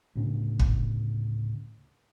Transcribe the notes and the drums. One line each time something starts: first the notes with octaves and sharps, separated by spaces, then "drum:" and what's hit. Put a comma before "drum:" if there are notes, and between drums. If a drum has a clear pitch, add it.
D2 A2 C#3 D4
drum: kick